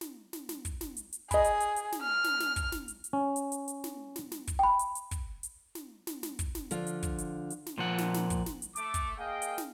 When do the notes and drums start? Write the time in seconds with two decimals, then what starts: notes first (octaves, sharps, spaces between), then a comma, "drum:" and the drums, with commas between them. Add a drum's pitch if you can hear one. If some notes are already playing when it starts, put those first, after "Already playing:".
0.01 drum: snare
0.33 drum: snare
0.49 drum: snare
0.65 drum: kick, hi-hat
0.81 drum: snare
0.97 drum: hi-hat
1.13 drum: hi-hat
1.31 G#4 D#5 B5, drum: kick, hi-hat
1.45 drum: hi-hat
1.61 drum: hi-hat
1.76 drum: hi-hat
1.92 drum: snare
2.02 F6
2.24 drum: snare
2.40 drum: snare
2.56 drum: kick, hi-hat
2.72 drum: snare
2.88 drum: hi-hat
3.04 drum: hi-hat
3.13 C#4
3.36 drum: hi-hat
3.52 drum: hi-hat
3.68 drum: hi-hat
3.84 drum: snare
4.16 drum: snare
4.32 drum: snare
4.48 drum: kick, hi-hat
4.59 G5 B5
4.79 drum: hi-hat
4.95 drum: hi-hat
5.11 drum: kick, hi-hat
5.43 drum: hi-hat
5.75 drum: snare
6.07 drum: snare
6.23 drum: snare
6.39 drum: kick, hi-hat
6.55 drum: snare
6.71 D3 F3 F4, drum: hi-hat
6.87 drum: hi-hat
7.03 drum: kick, hi-hat
7.19 drum: hi-hat
7.51 drum: hi-hat
7.66 drum: snare
7.78 A#2 F3 F#5
7.98 drum: snare
8.14 drum: snare
8.30 drum: kick, hi-hat
8.46 drum: snare
8.62 drum: hi-hat
8.76 A3 D6, drum: hi-hat
8.94 drum: kick, hi-hat
9.18 A#3 G#4 D#5 F5 G5
9.42 drum: hi-hat
9.58 drum: snare